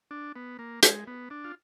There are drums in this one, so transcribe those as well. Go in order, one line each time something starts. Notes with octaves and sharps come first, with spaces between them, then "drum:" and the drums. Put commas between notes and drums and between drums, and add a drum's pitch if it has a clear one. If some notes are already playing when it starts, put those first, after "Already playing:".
D4
B3
A#3
G#3, drum: hi-hat
B3
D4
F4